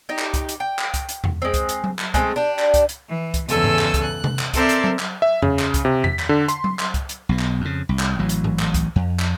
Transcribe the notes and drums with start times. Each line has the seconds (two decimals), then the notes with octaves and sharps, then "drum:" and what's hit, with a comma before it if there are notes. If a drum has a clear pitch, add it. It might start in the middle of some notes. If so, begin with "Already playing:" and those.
0.09 D#4 G4
0.19 drum: clap
0.34 drum: kick, hi-hat
0.49 drum: hi-hat
0.60 G5
0.79 drum: clap
0.94 drum: kick, hi-hat
1.09 drum: hi-hat
1.24 drum: tom E2
1.42 G#3 C4
1.54 drum: kick, hi-hat
1.69 drum: hi-hat
1.84 drum: tom F#3
1.99 drum: clap
2.14 G#3 A3 C4, drum: kick, hi-hat
2.36 D4 G4
2.59 drum: clap
2.74 drum: kick, hi-hat
2.89 drum: hi-hat
3.10 E3
3.34 drum: kick, hi-hat
3.49 E2 G2 C#3 A4 G#5 E6, drum: hi-hat
3.64 drum: tom G#2
3.79 drum: clap
3.94 drum: kick, hi-hat
4.03 F#6
4.24 drum: tom C3
4.39 drum: clap
4.54 C4 A4 A#4 C5 D5 E5, drum: kick, hi-hat
4.69 drum: hi-hat
4.84 drum: tom F#3
4.99 drum: clap
5.22 E5
5.42 C#3, drum: tom E2
5.59 drum: clap
5.74 drum: kick, hi-hat
5.85 C3
6.04 B6, drum: tom E2
6.19 drum: clap
6.29 D3
6.48 C6, drum: hi-hat
6.64 drum: tom F#3
6.79 drum: clap
6.94 drum: kick, hi-hat
7.09 drum: hi-hat
7.29 B1 B2
7.39 drum: clap
7.61 F2 C#3
7.89 C2
7.99 drum: clap
8.19 A1 E3 F#3
8.29 drum: hi-hat
8.44 drum: tom G#2
8.59 drum: clap
8.74 drum: kick, hi-hat
8.96 F2
9.19 drum: clap